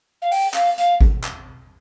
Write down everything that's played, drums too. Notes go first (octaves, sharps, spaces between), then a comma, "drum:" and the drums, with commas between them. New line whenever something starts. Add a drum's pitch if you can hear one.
F5
G5, drum: open hi-hat
F5, drum: clap
F5, drum: hi-hat
drum: kick G#1
drum: clap